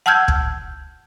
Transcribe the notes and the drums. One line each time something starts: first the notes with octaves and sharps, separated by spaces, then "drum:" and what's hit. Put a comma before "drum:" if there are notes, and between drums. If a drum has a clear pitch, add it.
F#5 A5 E6 F6 G6 G#6
drum: kick